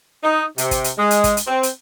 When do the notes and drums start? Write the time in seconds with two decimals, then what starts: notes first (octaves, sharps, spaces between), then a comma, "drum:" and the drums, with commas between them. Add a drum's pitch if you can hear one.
0.24 D#4
0.58 C3, drum: hi-hat
0.71 drum: kick, hi-hat
0.84 drum: hi-hat
0.98 G#3
1.11 drum: hi-hat
1.24 drum: kick, hi-hat
1.37 drum: hi-hat
1.47 C4
1.63 drum: hi-hat